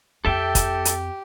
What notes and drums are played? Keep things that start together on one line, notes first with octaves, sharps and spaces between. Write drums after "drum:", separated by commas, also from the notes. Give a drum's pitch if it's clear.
F2 C4 G4 A4 E5 G5
drum: kick, hi-hat
drum: hi-hat